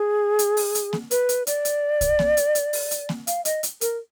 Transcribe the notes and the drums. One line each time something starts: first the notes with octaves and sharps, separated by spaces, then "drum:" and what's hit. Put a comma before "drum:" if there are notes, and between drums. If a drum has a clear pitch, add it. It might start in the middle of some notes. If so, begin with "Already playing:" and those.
Already playing: G#4
drum: hi-hat
drum: open hi-hat
drum: hi-hat
drum: snare A#3
B4, drum: hi-hat
drum: hi-hat
D5, drum: hi-hat
drum: hi-hat
drum: kick B1, hi-hat
drum: snare A#3
drum: hi-hat
drum: hi-hat
drum: open hi-hat
drum: hi-hat
drum: snare A#3
F5, drum: hi-hat
D#5, drum: hi-hat
drum: hi-hat
A#4, drum: hi-hat